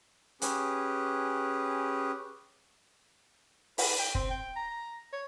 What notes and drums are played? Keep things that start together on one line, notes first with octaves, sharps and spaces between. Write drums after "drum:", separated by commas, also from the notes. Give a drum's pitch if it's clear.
C#4 G4 G#4 B4, drum: hi-hat
B4, drum: open hi-hat
G5
C4, drum: kick
G5
A#5
C#5